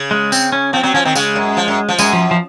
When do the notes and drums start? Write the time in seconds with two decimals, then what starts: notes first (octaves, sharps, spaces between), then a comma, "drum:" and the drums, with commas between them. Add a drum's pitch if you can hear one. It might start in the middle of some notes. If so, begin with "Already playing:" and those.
Already playing: C#3
0.11 G#3
0.32 C4, drum: tambourine
0.52 C#4
0.73 F3 C4
0.83 F#3 C4
0.94 F3 C#4
1.05 D#3 C4
1.15 C#3 G#3, drum: tambourine
1.36 F#2
1.57 F3
1.68 F#2
1.89 F3
1.99 F#2 G#3, drum: tambourine
2.13 F3
2.31 F3